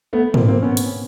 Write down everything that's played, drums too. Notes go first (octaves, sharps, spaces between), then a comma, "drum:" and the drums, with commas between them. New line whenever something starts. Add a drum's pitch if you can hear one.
A3 B3
A#3 C4, drum: tom G#2
A#3 C4
B3 C#4
drum: hi-hat